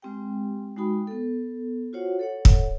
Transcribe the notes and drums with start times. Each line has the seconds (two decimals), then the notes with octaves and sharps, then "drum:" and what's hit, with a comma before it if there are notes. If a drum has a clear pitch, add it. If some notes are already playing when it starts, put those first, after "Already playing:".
0.02 G#3 C4 G4 G5
0.76 G#3 D#4 F#4 G5 B5 D#6
1.07 B3 A4
1.93 F4 F#4 C5 C#5 F#5
2.19 A4 C#5 F#5
2.45 drum: kick